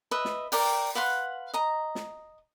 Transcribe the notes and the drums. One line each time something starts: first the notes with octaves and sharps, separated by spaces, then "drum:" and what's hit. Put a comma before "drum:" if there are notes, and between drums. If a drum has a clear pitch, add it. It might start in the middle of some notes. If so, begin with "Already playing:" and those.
B4 D#5 E5
drum: snare
A#4 D5 G5, drum: open hi-hat
B4 F5 F#5 C6
D#5 A#5
drum: snare